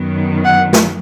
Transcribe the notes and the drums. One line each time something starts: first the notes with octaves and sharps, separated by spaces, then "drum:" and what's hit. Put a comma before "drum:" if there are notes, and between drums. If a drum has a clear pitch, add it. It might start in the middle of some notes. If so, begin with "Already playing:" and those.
Already playing: F#2 D#3 F#3 B3
F#5
drum: snare